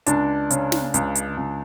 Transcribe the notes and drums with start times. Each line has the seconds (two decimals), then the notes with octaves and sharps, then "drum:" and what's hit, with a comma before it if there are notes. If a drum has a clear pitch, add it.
0.06 C#2 D4, drum: hi-hat
0.50 C#3, drum: hi-hat
0.72 drum: snare
0.94 C#2, drum: hi-hat
1.15 drum: hi-hat
1.37 C#2